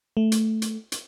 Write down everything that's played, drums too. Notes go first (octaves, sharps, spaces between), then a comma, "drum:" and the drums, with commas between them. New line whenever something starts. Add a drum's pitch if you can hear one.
A3
drum: hi-hat
drum: hi-hat
drum: hi-hat